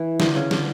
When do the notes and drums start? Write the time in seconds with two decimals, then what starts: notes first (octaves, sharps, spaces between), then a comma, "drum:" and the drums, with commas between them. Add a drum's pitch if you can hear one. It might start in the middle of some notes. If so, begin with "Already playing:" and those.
Already playing: E3
0.20 D3, drum: snare
0.35 C#3
0.51 D3, drum: snare